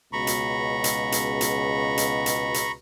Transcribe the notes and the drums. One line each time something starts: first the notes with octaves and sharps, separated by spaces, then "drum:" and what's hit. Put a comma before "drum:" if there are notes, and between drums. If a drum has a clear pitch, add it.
C#2 B2 A#5 B5 C#6
drum: hi-hat
drum: hi-hat
drum: hi-hat
drum: hi-hat
drum: hi-hat
drum: hi-hat
drum: hi-hat